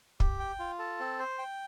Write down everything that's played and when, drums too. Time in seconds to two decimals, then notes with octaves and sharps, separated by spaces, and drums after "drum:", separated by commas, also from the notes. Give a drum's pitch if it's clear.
0.20 G4, drum: kick
0.40 G5
0.59 F4
0.79 A4
1.00 C4
1.19 C5
1.38 G5